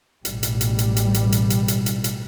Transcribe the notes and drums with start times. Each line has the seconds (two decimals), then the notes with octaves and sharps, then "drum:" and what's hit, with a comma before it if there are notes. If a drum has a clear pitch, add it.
0.25 A1 B2 G3, drum: hi-hat
0.43 drum: hi-hat
0.61 drum: hi-hat
0.79 drum: hi-hat
0.96 drum: hi-hat
1.14 drum: hi-hat
1.32 drum: hi-hat
1.50 drum: hi-hat
1.68 drum: hi-hat
1.86 drum: hi-hat
2.04 drum: hi-hat